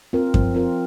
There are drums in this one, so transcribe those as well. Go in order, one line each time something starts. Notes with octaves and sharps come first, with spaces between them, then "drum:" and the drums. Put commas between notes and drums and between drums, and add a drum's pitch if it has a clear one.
C4 F4 A#4
F3, drum: kick F#2
C4 F4 A#4